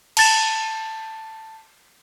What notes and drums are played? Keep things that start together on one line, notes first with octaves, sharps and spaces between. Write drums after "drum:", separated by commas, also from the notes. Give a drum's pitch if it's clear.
A5 A6 E7, drum: cymbal